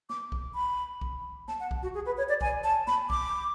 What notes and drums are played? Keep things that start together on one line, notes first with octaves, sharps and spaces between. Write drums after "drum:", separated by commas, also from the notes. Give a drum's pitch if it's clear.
D6, drum: snare
drum: kick B1
B5
drum: kick B1
A5, drum: snare
F#5
drum: kick B1
F#4
G#4
B4
C#5
D5
G#5, drum: kick B1
A5
B5, drum: snare
D6, drum: kick B1